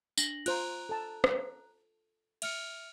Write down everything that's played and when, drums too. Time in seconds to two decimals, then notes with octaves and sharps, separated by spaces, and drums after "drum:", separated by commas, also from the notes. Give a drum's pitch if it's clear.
0.17 D4 A#6 F#7, drum: tambourine
0.46 F4 C5 A#5 F#6, drum: cymbal
0.89 A4 A5
1.24 drum: rim click
2.42 E5 F6 C#7, drum: cymbal